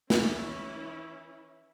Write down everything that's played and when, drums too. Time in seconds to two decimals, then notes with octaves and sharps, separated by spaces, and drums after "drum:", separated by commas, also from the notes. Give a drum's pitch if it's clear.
0.10 E3 C#4 E4, drum: snare